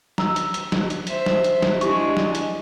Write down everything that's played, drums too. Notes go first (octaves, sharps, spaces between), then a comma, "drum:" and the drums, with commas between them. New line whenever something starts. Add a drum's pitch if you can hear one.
A#5 E6, drum: snare
drum: hi-hat
drum: hi-hat
drum: snare
drum: hi-hat
C5 E5, drum: hi-hat
drum: snare
drum: hi-hat
drum: snare
G#3 D4 E4 G4 C#6, drum: hi-hat
drum: snare
drum: hi-hat